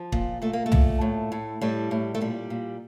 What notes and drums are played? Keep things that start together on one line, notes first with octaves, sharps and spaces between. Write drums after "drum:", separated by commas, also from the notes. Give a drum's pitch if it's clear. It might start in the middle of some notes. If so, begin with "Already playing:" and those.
Already playing: F3
A#2, drum: kick
A#2 A3
A#3
A3
A#2, drum: tom
A2
A2
A2 G3
A2
A3
A#2 G3
A#2